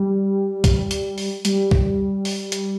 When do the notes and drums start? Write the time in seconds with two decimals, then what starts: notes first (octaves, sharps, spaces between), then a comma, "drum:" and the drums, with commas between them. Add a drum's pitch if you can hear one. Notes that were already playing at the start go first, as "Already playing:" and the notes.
Already playing: G3
0.64 drum: kick, hi-hat
0.91 drum: hi-hat
1.18 drum: open hi-hat
1.45 G3, drum: hi-hat
1.71 drum: kick
2.25 drum: open hi-hat
2.52 drum: hi-hat